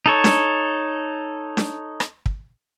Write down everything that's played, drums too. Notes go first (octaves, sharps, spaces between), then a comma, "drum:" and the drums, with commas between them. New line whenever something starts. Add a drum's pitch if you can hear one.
D#4 A4 C#5
drum: snare D4
drum: snare D4
drum: rim click
drum: kick